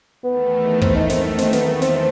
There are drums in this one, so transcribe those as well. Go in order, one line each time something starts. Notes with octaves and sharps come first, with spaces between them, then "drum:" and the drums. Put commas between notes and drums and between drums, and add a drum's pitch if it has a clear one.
E2 D#3 A3 B3
C4, drum: kick
D#4
C4, drum: snare
D#4
C4, drum: snare
B3, drum: snare
B3
C4, drum: snare
C4